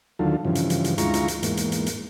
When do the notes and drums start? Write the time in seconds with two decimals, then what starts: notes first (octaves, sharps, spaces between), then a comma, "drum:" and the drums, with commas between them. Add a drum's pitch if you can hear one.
0.19 D#2 D3 F#3 F4 A4
0.45 G2 C#3 E3 F3
0.55 drum: hi-hat
0.70 drum: hi-hat
0.84 drum: hi-hat
0.98 D2 G#3 E4 F4 A#5 C#6, drum: hi-hat
1.14 drum: hi-hat
1.28 drum: hi-hat
1.43 E2 G#2 A#3, drum: hi-hat
1.57 drum: hi-hat
1.72 drum: hi-hat
1.86 drum: hi-hat